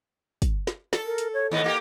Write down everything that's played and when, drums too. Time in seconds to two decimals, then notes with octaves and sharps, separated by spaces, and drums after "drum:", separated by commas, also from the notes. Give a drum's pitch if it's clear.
0.42 drum: kick, hi-hat
0.67 drum: snare
0.93 A4, drum: snare
1.05 A#4
1.18 drum: hi-hat
1.34 C#5
1.51 D#2 A2 B3 D#5
1.64 A#3 F#4 G4